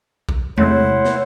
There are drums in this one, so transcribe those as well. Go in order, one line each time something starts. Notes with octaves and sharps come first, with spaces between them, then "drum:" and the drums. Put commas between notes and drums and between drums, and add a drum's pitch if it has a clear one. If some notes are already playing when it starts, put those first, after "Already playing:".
drum: kick B1
C3 G#3 A3 E4 C5 C#5 F#5, drum: tom E2
drum: snare